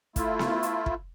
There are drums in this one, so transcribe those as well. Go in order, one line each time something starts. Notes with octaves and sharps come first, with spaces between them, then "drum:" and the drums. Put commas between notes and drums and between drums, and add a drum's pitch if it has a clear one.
A3 E4 F4, drum: kick, hi-hat
drum: snare B3
drum: hi-hat
drum: kick